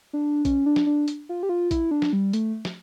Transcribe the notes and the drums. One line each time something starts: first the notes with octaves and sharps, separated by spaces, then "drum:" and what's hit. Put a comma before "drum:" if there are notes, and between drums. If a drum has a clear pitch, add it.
D4
C#4, drum: kick A#1, hi-hat
D4
drum: snare
D4
drum: hi-hat
F4
G4
F4
E4, drum: kick A#1, hi-hat
D4
drum: snare
G3
A3, drum: hi-hat
drum: snare